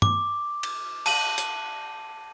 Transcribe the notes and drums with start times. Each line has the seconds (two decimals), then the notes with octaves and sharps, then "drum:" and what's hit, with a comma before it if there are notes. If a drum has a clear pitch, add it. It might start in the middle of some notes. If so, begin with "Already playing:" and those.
0.02 D6, drum: tom G2
0.63 drum: cymbal
1.06 A5 D#7 F#7, drum: cymbal
1.38 drum: hi-hat